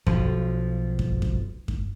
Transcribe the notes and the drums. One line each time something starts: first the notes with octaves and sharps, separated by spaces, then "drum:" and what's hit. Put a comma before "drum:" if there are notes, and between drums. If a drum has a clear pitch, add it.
B1 F3, drum: kick F#2
drum: kick F#2
drum: kick F#2
drum: kick F#2